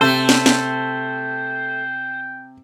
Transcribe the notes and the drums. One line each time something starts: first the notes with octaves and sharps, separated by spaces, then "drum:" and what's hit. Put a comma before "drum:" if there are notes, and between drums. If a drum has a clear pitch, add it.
C3 A3 A4 C5 G5
drum: snare
drum: snare